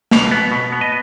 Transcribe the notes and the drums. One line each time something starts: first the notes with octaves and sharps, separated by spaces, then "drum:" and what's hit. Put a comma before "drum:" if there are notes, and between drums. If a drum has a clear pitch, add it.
B2 F5, drum: snare
B3
B2
B3
D#5